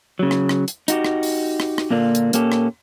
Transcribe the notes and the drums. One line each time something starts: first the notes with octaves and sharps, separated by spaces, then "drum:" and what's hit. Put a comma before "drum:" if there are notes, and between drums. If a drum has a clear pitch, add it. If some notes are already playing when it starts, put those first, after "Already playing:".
C#3 F#3
drum: rim click
drum: rim click
drum: hi-hat
D#4 F#4 G4, drum: hi-hat
drum: rim click
drum: open hi-hat
drum: rim click
drum: rim click
A#2 D3 A#3 D4 F4
drum: hi-hat
A#2 A#3 C#4 G4 A4, drum: hi-hat
drum: rim click